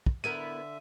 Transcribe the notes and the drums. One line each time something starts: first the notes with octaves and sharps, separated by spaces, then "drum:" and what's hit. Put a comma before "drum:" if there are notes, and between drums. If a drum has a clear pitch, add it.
drum: kick
D3 B3 E4 A#4 E5 D#7